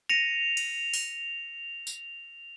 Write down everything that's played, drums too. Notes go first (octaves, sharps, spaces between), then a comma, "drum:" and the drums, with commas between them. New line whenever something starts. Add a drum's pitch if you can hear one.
A#6 C#7 D#7 F7
drum: cymbal
drum: open hi-hat
drum: tambourine